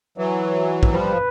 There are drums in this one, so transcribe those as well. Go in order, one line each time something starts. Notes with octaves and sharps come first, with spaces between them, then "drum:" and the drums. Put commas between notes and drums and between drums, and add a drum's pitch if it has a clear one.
E3 F#3
drum: kick
F3 G3 B4